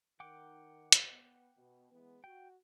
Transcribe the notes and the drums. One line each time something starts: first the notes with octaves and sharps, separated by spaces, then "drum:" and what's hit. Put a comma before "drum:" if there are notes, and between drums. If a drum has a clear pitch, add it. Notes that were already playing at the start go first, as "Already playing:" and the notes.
D#3 F#5 G5 D6
drum: hi-hat
B3
B2
E3 G#3 B3
F#4 G5